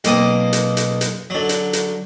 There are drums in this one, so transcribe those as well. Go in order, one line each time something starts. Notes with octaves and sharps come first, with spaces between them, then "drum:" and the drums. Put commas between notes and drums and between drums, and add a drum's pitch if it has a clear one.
B1 A#3 C4 D#6, drum: hi-hat
drum: hi-hat
drum: hi-hat
drum: hi-hat
D3 F#3
drum: hi-hat
drum: hi-hat